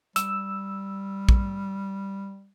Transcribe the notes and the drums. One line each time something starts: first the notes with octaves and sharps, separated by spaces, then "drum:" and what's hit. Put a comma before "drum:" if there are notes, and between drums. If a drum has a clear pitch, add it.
G3 E6, drum: hi-hat
drum: kick A#1